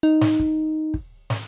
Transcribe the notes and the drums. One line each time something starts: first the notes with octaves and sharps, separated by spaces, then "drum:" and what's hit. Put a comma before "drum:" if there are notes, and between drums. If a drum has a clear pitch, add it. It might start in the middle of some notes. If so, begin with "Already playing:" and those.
D#4
drum: snare
drum: kick
drum: kick
drum: snare